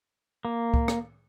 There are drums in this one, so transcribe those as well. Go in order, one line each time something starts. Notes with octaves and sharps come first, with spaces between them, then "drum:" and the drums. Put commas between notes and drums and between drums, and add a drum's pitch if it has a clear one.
A#3
drum: kick C#2
drum: rim click